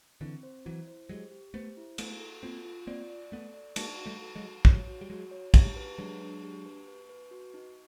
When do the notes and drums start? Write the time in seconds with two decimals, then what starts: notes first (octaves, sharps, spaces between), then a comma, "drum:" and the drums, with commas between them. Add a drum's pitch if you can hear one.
0.21 D3 E3 C4
0.43 C5
0.65 E3 F#3 E4
0.88 C5
1.09 F#3 G#3 G4
1.32 G4
1.54 A3 B3 C5
1.77 E4
1.98 A3 B3 A4, drum: cymbal
2.20 A4
2.43 A#3 C4 F4
2.65 F4
2.87 A#3 C4 D5
3.10 D5
3.32 A3 B3 A4
3.54 D5
3.76 G#3 A#3 F#4, drum: cymbal
3.98 F#4
4.06 G3 A3
4.21 A4
4.35 F#3 G#3
4.43 F#4
4.65 F3 G3 C#5, drum: kick
4.87 F#4
5.01 G3
5.10 F#3 G#3 F#4
5.31 C#5
5.54 G3 A3 G4, drum: kick, cymbal
5.76 B4
5.98 F#3 G#3 D4
6.21 D4
6.43 G4
6.66 B4
6.88 B4
7.09 B4
7.31 F#4
7.54 D#4